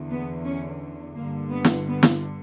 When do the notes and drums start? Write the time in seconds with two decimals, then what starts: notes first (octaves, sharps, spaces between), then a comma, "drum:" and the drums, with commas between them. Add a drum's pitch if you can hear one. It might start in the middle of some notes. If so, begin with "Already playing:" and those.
Already playing: E2 D3
0.10 B3
0.45 C#4
1.16 G2 D3 A#3
1.52 B3
1.65 drum: snare
1.87 B3
2.03 drum: snare